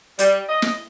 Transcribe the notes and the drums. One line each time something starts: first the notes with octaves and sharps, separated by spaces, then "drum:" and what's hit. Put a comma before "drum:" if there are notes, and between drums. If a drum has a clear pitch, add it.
G3, drum: hi-hat
D#5
drum: snare